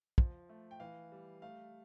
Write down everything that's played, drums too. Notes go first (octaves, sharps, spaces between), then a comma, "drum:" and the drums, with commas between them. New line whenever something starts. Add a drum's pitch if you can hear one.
F3, drum: kick
A3
G5
E3 F5
G3
A3 F5